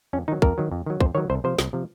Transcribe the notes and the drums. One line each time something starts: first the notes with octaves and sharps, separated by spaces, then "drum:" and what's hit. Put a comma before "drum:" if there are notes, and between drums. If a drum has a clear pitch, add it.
F2 C#4
D#3 F#3 D#4
F2 A#4, drum: kick
D#3 F#3
F2
D#3 F#3
F2 C5, drum: kick
D#3 F#3 C#5
C2 C5
C3 F3 C5
C2, drum: snare
C3 F3